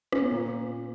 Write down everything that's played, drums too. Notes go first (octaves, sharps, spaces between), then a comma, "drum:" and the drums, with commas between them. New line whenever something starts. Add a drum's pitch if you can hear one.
C#4, drum: rim click
B3
A#2 A#3